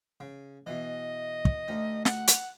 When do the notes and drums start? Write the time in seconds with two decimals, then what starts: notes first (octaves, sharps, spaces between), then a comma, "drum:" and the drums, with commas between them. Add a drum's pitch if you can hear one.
0.20 C#3
0.67 B2 E3 D#5
1.45 drum: kick
1.68 D2 D#4
2.05 F#5, drum: snare
2.27 drum: hi-hat